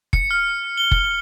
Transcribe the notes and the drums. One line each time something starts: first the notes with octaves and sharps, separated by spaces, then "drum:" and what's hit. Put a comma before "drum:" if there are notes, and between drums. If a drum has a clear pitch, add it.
C#7, drum: kick F#1
F6
G7
drum: kick F#1